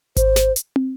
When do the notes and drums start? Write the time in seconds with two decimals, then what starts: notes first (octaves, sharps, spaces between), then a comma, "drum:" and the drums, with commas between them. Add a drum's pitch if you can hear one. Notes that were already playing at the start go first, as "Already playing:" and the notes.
0.16 C5, drum: kick G#1, hi-hat
0.36 drum: snare
0.56 drum: hi-hat
0.76 drum: tom